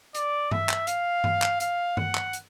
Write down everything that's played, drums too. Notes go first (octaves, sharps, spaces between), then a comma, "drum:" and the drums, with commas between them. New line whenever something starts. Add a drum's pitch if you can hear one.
D5, drum: hi-hat
E5, drum: tom G2
drum: clap
F5, drum: hi-hat
drum: tom G2
drum: clap
F5, drum: hi-hat
F#5, drum: tom G2
drum: clap
drum: hi-hat